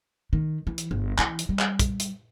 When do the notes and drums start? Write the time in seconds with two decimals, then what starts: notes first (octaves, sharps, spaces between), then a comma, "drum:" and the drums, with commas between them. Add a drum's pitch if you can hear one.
0.33 D#3
0.67 E3
0.78 drum: hi-hat
0.91 G1
1.19 E3, drum: clap
1.39 drum: hi-hat
1.49 G3
1.59 drum: clap
1.79 drum: kick, hi-hat
2.00 drum: hi-hat